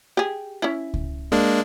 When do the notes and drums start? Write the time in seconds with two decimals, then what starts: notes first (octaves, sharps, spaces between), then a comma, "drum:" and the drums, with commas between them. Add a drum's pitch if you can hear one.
0.17 G4 G#4
0.62 C#4 E4
0.94 drum: kick C#2
1.32 G#3 A#3 D4